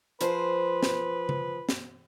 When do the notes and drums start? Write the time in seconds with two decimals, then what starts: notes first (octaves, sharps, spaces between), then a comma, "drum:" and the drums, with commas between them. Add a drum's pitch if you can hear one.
0.21 F3 G#4 B4 C5, drum: hi-hat
0.83 drum: snare
1.29 drum: tom C#3
1.69 drum: snare